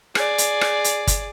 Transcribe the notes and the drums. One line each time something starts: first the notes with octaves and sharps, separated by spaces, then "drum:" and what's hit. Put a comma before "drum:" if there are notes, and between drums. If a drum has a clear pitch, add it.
G#4 D5, drum: rim click
drum: hi-hat
drum: rim click
drum: hi-hat
drum: kick G1, hi-hat